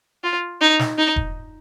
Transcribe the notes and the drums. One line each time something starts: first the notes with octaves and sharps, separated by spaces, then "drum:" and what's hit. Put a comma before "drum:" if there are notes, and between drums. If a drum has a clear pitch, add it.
F4
D#4
drum: snare
D#4
drum: kick E1